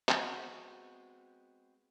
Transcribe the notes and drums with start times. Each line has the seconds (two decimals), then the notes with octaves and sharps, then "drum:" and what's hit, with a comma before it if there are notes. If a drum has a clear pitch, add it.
0.09 G#3 B3 C4 F#4, drum: clap